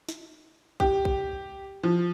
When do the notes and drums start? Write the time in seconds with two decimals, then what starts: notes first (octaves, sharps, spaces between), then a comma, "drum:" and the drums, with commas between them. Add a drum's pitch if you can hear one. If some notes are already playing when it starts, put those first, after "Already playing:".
0.09 drum: snare
0.80 G4, drum: kick A#1
1.05 drum: kick A#1
1.83 F3